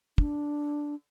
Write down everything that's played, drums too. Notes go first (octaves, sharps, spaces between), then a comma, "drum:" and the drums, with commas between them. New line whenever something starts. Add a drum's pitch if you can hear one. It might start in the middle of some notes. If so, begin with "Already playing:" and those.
D4, drum: kick